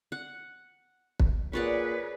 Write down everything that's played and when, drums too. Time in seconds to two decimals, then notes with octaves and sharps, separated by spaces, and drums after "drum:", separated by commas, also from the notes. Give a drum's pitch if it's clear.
0.12 F#5
1.20 drum: kick
1.53 A#2 G#4 B4 C#5 D5 F#5